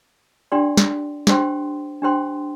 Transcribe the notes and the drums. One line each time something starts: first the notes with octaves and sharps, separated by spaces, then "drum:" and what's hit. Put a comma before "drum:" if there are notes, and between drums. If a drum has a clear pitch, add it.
D4 G4 D5 G5 C6
drum: snare
D4 G4 C5 G5 C6, drum: snare
D4 G4 C5 G5 C6